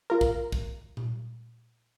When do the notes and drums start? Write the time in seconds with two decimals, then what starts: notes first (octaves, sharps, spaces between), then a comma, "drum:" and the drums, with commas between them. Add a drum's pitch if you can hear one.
0.10 F4 A#4
0.21 drum: kick
0.52 drum: kick
0.97 drum: tom A#2